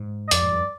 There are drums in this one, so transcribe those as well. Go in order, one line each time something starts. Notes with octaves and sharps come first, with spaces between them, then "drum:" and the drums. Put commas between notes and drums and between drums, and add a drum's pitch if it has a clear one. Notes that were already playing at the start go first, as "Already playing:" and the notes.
Already playing: G#2
D#5
F2 D5, drum: hi-hat
G#2
G2